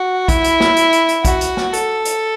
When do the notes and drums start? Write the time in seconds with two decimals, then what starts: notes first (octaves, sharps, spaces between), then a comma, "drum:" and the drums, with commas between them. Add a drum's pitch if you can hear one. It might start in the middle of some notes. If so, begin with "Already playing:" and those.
Already playing: F#4
0.28 E4, drum: kick A#1, hi-hat
0.44 drum: hi-hat
0.60 drum: snare
0.76 drum: hi-hat
0.93 drum: hi-hat
1.09 drum: hi-hat
1.25 F#4, drum: kick A#1, hi-hat
1.41 drum: hi-hat
1.57 drum: snare
1.73 A4, drum: hi-hat
2.05 drum: hi-hat